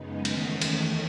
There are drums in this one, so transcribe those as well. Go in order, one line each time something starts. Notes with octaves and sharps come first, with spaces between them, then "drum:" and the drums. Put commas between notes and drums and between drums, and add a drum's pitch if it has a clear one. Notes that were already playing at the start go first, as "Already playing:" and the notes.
Already playing: F#2 C#3 G#3 B3 D#4
E2 D#3 A3 C#4, drum: cymbal
drum: cymbal